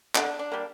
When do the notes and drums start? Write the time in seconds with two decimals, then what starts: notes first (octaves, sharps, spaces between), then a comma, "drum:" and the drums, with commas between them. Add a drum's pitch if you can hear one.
0.15 D3 D4, drum: clap
0.39 D4
0.52 G3 A#3